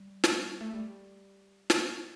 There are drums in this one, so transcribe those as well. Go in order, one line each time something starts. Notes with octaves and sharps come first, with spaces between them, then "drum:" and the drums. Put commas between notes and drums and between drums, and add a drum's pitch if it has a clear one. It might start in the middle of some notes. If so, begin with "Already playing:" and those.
Already playing: G3
drum: snare
A3
G3
drum: snare